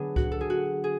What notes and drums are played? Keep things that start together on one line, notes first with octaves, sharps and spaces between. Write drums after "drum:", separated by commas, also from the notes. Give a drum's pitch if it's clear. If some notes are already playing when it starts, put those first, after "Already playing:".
Already playing: D3 F#3 B3 D4 G#4
F#4, drum: kick C#2
A4
G#4
F#4
G#4